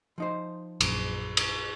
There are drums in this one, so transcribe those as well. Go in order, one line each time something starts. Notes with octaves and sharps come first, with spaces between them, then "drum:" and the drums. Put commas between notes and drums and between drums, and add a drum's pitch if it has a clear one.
F3 D#4 C5
A#1 F#2, drum: cymbal
drum: cymbal